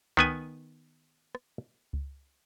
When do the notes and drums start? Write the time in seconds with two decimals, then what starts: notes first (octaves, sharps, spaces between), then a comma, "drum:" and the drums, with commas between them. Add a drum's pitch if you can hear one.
0.17 D#3 B3 G#5, drum: kick C#2
1.35 drum: rim click
1.93 drum: kick C#2